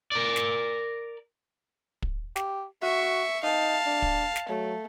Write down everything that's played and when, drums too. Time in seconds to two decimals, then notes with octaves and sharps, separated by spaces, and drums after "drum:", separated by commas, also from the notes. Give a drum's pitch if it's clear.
0.12 A#4 D5
0.36 drum: snare
2.02 drum: kick
2.36 G4, drum: snare
2.83 F#4 E5 C#6
3.43 D#4 F5 A5
3.86 D4
4.02 drum: kick
4.36 drum: snare
4.49 F#3 A3